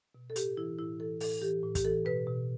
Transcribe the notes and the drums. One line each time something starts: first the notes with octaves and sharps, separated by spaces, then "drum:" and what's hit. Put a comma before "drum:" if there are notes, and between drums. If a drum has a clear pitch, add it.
B2
A4
A2 G4, drum: hi-hat
E3 E4
A2 E4
E3 A4
A2 A4, drum: open hi-hat
E3 G4
A2
G4, drum: kick, hi-hat
E3 A4
B2 B4
B2